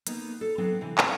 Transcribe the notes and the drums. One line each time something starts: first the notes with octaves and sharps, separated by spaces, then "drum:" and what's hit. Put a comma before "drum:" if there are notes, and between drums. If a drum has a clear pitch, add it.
A#3 B3 D#4, drum: hi-hat
A4
F#3 B3 C4 D4 F5
C3 E3
C5 A#5, drum: clap